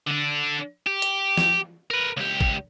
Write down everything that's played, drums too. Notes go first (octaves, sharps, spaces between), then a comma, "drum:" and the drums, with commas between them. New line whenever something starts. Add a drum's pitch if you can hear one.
D3 D4
G4
drum: hi-hat
drum: snare
A#4 B4
C#2 G4
drum: kick A1